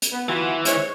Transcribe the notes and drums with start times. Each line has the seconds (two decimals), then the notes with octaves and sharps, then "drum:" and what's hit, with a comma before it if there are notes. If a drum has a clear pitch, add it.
0.02 drum: hi-hat
0.12 B3
0.29 E3 B3 F4 F#4
0.65 G#3 C5 C#5, drum: hi-hat